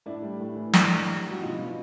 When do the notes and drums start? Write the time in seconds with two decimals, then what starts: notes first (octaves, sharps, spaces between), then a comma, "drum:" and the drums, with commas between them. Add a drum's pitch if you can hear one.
0.06 A2 D4 E4
0.23 G3
0.40 A2
0.56 E3
0.73 A2 D4 E4, drum: snare
0.90 A2
1.07 G3
1.24 G3
1.30 F#4
1.42 B2 D#4 F4
1.58 B2